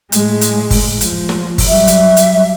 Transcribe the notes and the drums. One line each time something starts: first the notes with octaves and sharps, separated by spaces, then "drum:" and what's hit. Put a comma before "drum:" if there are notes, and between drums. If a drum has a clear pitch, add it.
A2 G#3, drum: hi-hat
drum: hi-hat
drum: kick, open hi-hat
F3, drum: hi-hat
drum: snare
drum: kick, open hi-hat
F#3 G3 E5
drum: hi-hat
drum: hi-hat